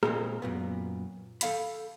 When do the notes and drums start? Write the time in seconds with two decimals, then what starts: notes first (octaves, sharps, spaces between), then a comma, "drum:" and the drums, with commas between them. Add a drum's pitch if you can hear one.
0.03 A#2 G#3 C4, drum: rim click
0.42 F#2 A#2 B3
1.41 A4 F5 B5, drum: hi-hat